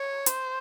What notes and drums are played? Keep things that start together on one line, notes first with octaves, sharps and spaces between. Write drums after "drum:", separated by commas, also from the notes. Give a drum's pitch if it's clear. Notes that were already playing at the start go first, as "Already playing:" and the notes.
Already playing: C#5
C5, drum: hi-hat